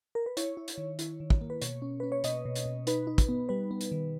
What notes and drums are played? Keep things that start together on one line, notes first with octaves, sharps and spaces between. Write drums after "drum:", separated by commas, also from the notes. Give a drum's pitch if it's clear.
A#4
B4
E4 C#5, drum: hi-hat
E4
drum: hi-hat
D#3
E4, drum: hi-hat
D#3
drum: kick
A#3
B4
B2 C#5, drum: hi-hat
C#4
C#4 B4
C#5
B2 D#5, drum: hi-hat
B2
drum: hi-hat
B2
D#4 B4, drum: hi-hat
D#4
drum: kick, hi-hat
B3
G3 B4
B3
drum: hi-hat
D#3